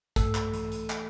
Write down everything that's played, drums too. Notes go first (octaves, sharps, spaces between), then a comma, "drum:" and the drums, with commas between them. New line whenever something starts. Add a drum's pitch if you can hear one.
A3 A4, drum: kick, hi-hat
drum: clap
E3, drum: hi-hat
drum: hi-hat
drum: clap